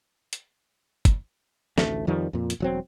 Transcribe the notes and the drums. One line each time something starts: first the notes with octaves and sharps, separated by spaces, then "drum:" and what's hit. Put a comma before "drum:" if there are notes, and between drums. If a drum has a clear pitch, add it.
drum: hi-hat
drum: kick, hi-hat
A1 D2 A3, drum: snare
F2 D#3 F3 G3
F2 A#2
drum: hi-hat
E1 F#3 C4